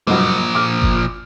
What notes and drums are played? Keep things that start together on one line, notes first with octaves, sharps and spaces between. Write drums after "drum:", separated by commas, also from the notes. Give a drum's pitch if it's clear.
F#1 G2 A#2 F3 F#4
D6 F6
drum: kick G1